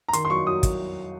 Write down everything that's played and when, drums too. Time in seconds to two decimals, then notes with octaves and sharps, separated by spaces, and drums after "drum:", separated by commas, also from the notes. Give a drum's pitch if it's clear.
0.08 A#5
0.13 D#3 C6, drum: hi-hat
0.25 C6
0.30 F#3 C#6
0.47 F#3 D#6
0.63 drum: kick, hi-hat